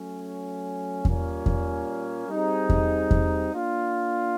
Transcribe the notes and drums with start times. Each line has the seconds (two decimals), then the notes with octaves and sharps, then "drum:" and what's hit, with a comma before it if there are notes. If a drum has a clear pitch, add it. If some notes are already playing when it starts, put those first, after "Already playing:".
Already playing: F#3 A3 C#4
1.05 A#2 G3 A#3 C#4, drum: kick E2
1.46 drum: kick E2
2.28 G3 C4 D#4 G#4
2.69 drum: kick E2
3.11 drum: kick E2
3.52 A#3 D4 F4